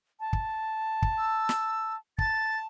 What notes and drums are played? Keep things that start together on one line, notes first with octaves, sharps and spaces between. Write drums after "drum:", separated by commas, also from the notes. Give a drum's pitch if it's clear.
A5
drum: kick
drum: kick
E6
drum: snare
A5 A6, drum: kick